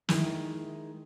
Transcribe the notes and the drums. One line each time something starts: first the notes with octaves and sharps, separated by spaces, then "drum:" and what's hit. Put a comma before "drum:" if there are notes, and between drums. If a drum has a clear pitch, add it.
D#3 G#3 D#4 E4, drum: snare